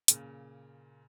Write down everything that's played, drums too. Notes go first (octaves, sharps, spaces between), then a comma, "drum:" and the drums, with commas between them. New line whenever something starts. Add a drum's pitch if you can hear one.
A#2 C#3, drum: hi-hat